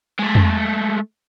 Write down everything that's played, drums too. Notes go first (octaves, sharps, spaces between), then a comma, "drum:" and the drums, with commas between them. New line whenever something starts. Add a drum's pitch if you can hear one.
G#3 A3
drum: tom